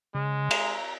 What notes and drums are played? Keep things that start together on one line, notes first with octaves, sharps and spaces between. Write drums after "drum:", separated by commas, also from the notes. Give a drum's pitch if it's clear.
C#3 G#3
A#5, drum: cymbal